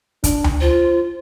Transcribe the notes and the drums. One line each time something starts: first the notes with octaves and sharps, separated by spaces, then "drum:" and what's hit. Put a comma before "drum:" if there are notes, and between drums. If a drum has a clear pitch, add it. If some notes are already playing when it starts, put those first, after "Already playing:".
D4, drum: kick, hi-hat
drum: tom D2
F4 C5